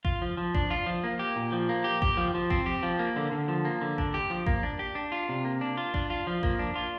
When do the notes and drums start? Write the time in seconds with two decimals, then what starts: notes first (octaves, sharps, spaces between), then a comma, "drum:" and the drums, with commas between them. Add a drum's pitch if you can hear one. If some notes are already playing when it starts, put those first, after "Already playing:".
0.05 F4, drum: kick A1
0.22 F3
0.37 F3
0.55 D4, drum: kick A1
0.70 F4
0.86 F3
1.04 A#3
1.19 G4
1.36 A#2
1.52 F3
1.69 A#3
1.84 G4
2.02 G4, drum: kick A1
2.17 F3
2.34 F3
2.50 C4, drum: kick A1
2.66 G4
2.83 F3
2.99 A#3
3.16 D3
3.32 D3
3.48 F3
3.65 A#3
3.81 D3
3.98 D4, drum: kick A1
4.14 G4
4.30 F3
4.46 A#3, drum: kick A1
4.63 D4
4.79 G4
4.95 D4
5.12 F4
5.29 C3
5.45 A#3
5.61 D4
5.77 F4
5.94 D4, drum: kick A1
6.10 F4
6.27 F3
6.43 A#3, drum: kick A1
6.59 D4
6.75 F4